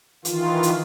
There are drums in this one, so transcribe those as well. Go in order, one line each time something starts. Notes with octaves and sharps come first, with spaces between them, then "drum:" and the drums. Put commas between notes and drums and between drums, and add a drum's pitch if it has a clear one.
D#3 E3 F4, drum: hi-hat
drum: hi-hat